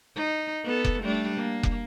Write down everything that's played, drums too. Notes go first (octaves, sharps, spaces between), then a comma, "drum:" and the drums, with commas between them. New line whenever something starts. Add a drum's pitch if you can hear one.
D#4
B3 A4
drum: kick F1
G3 A3 D4
A#3
drum: kick F1